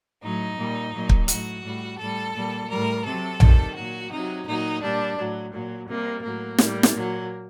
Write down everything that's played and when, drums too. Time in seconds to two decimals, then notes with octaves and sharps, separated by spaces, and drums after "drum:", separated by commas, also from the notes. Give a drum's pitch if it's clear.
0.22 A2 F#3 D#4
0.57 A#2 G3
0.93 A#2 F#3
1.09 drum: kick
1.28 A2 F#3 F#4, drum: hi-hat
1.63 A2 G3
1.99 A2 G3 A4
2.34 A#2 G3
2.69 A2 G3 A#4
3.05 C3 F#3 A4
3.40 C3 D#3 G3, drum: tom A#1
3.75 A#2 F#3 F#4
4.11 C3 F#3 D#4
4.46 A#2 F#3 D#4
4.82 A#2 G3 D4
5.17 A2 F#3
5.52 A#2 F#3
5.87 C3 G3 A#3
6.23 A2 F#3 A#3
6.58 A2 G3, drum: snare
6.83 drum: snare
6.94 A#2 F#3